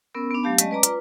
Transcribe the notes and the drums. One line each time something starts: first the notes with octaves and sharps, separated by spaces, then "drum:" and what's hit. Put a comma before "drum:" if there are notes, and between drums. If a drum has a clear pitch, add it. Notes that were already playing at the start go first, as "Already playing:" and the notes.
B3 C#4 A#4 E6
B3 D4
F#3 A3 G4 F5 A5
G#3 C#4 D5 D#5 A5, drum: hi-hat
B4 D5 A#5 D6
F4 B4, drum: hi-hat